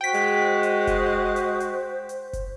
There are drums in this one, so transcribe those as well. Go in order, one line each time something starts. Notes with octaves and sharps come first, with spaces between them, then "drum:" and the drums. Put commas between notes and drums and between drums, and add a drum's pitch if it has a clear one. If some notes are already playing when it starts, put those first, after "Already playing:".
F#4 C5 G5 B6
G#3, drum: hi-hat
drum: hi-hat
drum: kick F#1, hi-hat
drum: hi-hat
drum: hi-hat
drum: hi-hat
drum: kick F#1, hi-hat